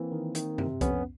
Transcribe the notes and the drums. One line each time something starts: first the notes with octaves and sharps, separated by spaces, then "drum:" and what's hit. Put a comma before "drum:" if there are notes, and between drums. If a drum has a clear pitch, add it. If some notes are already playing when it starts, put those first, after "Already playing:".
Already playing: E3 A#3 C4
D#3
D#3, drum: hi-hat
C3, drum: tom F#2
F2 B3 C#4, drum: kick C2, hi-hat